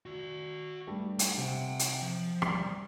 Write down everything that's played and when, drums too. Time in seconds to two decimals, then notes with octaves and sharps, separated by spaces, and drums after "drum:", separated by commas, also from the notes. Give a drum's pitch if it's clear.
0.06 F#4 D5
0.87 G2 G3 A3
1.19 G5 G#5, drum: hi-hat
1.38 C3
1.79 drum: hi-hat
2.02 F3
2.42 G3, drum: rim click